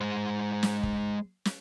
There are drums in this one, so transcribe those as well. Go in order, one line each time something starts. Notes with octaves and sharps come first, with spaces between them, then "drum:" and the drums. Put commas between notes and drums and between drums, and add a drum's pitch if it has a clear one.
G#3 C5
drum: snare
drum: kick
drum: snare